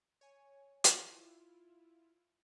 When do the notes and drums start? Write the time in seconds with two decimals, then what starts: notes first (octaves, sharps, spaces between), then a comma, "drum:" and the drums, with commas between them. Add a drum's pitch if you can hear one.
0.21 C#5 G#5
0.84 E4 F4, drum: hi-hat